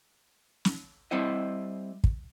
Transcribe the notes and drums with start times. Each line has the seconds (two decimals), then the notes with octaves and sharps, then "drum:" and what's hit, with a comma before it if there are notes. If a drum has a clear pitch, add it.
0.65 drum: snare
1.11 G3 C4 E4 D#5
2.04 drum: kick